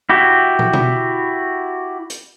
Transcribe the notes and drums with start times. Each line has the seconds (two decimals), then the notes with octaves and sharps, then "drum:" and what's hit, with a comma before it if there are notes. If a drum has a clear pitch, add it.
0.09 E4 F#4 G4
0.59 drum: tom
0.73 drum: tom B2
2.10 drum: hi-hat